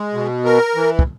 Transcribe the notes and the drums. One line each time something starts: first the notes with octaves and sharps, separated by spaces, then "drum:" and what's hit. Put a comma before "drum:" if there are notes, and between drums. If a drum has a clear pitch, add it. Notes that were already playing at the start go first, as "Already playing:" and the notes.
Already playing: G#3
B2
A#4
E3
drum: kick